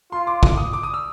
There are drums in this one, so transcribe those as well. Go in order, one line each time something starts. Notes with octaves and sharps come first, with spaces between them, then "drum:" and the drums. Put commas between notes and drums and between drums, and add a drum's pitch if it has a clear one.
F4 C6
D6
D6, drum: kick
D#6
D6
D#6
E6